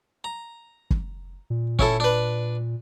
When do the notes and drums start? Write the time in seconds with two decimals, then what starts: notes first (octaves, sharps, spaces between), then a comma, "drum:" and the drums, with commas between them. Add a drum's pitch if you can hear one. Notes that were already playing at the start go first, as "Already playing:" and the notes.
0.24 A#5
0.90 drum: kick
1.50 A#2
1.79 C#4 E4 A4, drum: kick
2.00 D4 B4